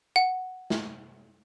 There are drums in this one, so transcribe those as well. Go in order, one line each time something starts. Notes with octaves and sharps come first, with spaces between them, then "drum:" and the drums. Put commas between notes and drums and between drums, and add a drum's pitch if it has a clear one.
F#5
drum: snare